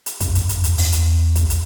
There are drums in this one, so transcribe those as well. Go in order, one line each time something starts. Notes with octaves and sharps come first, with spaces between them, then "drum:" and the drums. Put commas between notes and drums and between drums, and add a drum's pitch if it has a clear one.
drum: hi-hat
F#2, drum: kick, hi-hat
F#2, drum: hi-hat
F#2, drum: hi-hat
E2, drum: hi-hat
drum: open hi-hat
drum: hi-hat
drum: kick, hi-hat
drum: hi-hat